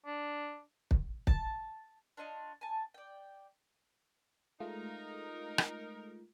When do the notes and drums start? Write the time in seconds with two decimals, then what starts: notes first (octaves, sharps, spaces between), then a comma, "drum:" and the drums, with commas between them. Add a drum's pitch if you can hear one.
0.06 D4
0.91 drum: kick
1.27 A5, drum: kick
2.17 D4 F4 C#5 D#5
2.61 G#5 A5
2.94 D5 G5
4.60 G#3 A3 D#4 F4 A#4
5.58 drum: rim click